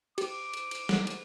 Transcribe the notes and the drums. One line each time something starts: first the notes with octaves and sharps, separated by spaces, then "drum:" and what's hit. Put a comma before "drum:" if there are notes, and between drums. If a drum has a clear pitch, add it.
G4 D6, drum: cymbal
drum: cymbal
drum: cymbal
drum: snare
drum: cymbal